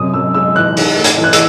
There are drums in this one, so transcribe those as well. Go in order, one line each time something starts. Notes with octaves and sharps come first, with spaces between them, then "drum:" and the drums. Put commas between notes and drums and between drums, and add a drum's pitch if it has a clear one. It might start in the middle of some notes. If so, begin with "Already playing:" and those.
Already playing: F#2 C3 D#6
F#2 E6
G#3 E6
E3 F#6
D#4, drum: open hi-hat
A3
G#6, drum: hi-hat
E3
F#6
E6, drum: hi-hat